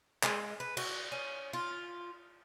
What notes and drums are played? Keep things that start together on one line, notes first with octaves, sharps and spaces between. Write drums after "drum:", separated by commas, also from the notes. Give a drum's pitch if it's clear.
G#3, drum: clap
B4
F#4, drum: cymbal
C#4
F4